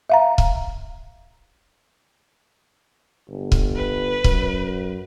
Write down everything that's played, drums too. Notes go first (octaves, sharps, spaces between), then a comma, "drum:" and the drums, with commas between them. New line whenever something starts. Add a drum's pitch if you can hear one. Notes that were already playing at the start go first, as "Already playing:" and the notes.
E5 F5 A#5
drum: kick C#1
G1
drum: kick C#1
B4
F#2, drum: kick C#1